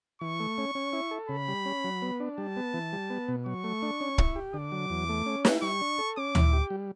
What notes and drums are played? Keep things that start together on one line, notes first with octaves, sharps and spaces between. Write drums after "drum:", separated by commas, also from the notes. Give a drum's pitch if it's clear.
E3 C#6
A3
C#4
C#4
E4
A4
C#3 B5
G3
C#4
F#3
B3
D4
G3 A5
B3
E3
G3
B3
B2
F#3 C#6
A3
D4
C#4
E4, drum: kick
G4
D3 D6
F#3
E2
A3
C#4
E4, drum: snare
G3 C#6
D4
A4
C#4 D6
E4, drum: tom D2
G4
G3